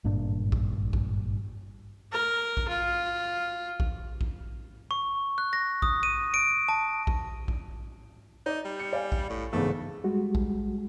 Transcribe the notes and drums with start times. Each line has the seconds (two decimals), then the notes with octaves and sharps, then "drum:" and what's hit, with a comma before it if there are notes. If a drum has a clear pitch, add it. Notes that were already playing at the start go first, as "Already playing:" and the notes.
0.04 G#1 G2 A#2 D4
0.52 drum: kick A#1
0.93 drum: kick A#1
2.12 A#4
2.57 drum: kick A#1
2.68 F4
3.80 drum: kick A#1
4.21 drum: kick A#1
4.91 C#6
5.38 F#6
5.53 A#6
5.82 D#6, drum: kick A#1
6.03 D#7
6.34 D7
6.68 A5
7.07 drum: kick A#1
7.48 drum: kick A#1
8.46 D#4 D5
8.65 G3
8.79 C#7
8.93 D5 F5 G#5
9.12 drum: kick A#1
9.30 A2
9.53 E2 G#2 C#3 A3
10.04 G3 G#3 F#4
10.35 drum: kick A#1